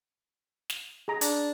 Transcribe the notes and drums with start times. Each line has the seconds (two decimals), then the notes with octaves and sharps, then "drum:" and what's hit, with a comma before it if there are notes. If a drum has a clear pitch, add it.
0.70 drum: snare
1.08 G#4 A#5
1.21 D4, drum: hi-hat